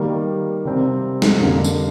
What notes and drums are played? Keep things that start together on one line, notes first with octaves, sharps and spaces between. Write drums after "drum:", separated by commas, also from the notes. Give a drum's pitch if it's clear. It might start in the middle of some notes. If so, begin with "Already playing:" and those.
Already playing: D#3 G3 A#3
C3 G3 C4
drum: snare
F2 D3 G3 A#3
drum: tambourine